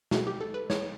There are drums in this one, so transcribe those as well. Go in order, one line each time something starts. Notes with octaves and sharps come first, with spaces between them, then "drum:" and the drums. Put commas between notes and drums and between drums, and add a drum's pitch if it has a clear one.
B2 F#3 A3 F#4, drum: snare
G4
A4
B4
C#5, drum: snare